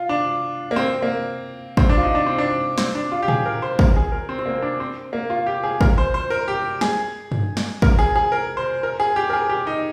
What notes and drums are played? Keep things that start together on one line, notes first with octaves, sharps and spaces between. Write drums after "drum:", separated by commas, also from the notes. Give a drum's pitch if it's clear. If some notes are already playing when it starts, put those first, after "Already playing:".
Already playing: F4
D4
A#3
C4
A#3
C4, drum: kick
D4
F4
D#4
D4
C4
D4
C4, drum: snare
D4
F4
G4
G#4, drum: tom A2
A#4
C5
A#4, drum: kick
G#4
A#4
C4
C4
A#3
D4
C4
A#3
F4
G4
G#4
A#4, drum: kick
C5
C5
A#4
G4
G#4, drum: snare
drum: tom G2
drum: snare
A#4, drum: kick
G#4
G#4
A#4
C5
A#4
G#4
G4
A#4
G#4
G4
D#4